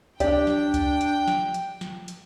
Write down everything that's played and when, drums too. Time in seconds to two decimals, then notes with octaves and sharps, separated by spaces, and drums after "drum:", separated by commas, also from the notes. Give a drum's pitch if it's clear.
0.20 D4 G4 D5 G5, drum: kick C#2, hi-hat
0.47 drum: snare
0.74 drum: kick C#2, hi-hat
1.01 drum: hi-hat
1.28 drum: snare
1.54 drum: hi-hat
1.81 drum: snare
2.08 drum: hi-hat